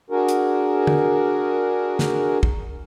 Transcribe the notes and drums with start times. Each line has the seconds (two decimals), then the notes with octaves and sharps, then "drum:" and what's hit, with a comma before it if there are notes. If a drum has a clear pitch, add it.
0.10 D4 F#4 G#4 A#4
0.29 drum: hi-hat
0.87 drum: tom
1.99 drum: snare
2.43 drum: kick